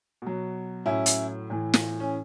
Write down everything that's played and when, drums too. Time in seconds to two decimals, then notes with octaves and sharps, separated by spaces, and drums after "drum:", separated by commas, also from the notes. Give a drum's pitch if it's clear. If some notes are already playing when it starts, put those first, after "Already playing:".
0.22 B2 F#3
0.86 A2 F#3 C#4 E4
1.06 drum: hi-hat
1.50 A2 E3
1.74 drum: snare
2.00 C#4